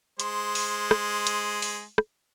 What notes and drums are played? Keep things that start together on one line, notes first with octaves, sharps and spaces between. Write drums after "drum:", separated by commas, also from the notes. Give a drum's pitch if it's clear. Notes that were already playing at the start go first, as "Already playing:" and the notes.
G#3 C5, drum: hi-hat
drum: open hi-hat
drum: rim click
drum: hi-hat
drum: open hi-hat
drum: rim click